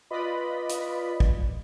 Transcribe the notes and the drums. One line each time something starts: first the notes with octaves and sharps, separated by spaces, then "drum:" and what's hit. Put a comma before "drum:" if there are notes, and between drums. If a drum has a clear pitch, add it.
F4 B4 D5 D#5 B5
drum: hi-hat
drum: kick